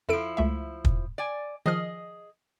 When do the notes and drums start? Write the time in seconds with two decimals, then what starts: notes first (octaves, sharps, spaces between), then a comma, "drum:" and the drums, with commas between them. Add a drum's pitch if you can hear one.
0.09 F2 F3 E4 A4 D7
0.37 C#2 A3 E5
0.85 drum: kick
1.18 D5 G#5
1.66 D#3 F3 G#4 D#5 F6